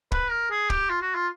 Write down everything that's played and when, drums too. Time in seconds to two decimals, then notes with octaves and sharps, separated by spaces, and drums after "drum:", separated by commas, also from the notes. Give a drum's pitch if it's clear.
0.12 B4, drum: kick
0.30 A#4
0.50 G#4
0.70 G4, drum: kick
0.90 F4
1.02 F#4
1.15 F4